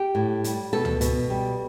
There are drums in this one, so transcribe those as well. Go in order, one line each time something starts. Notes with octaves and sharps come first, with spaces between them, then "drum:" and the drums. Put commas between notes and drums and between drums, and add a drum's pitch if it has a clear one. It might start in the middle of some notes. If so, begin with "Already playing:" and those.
Already playing: G4
A2
G3, drum: hi-hat
B2 A4
drum: tom C#2
B2, drum: hi-hat
G3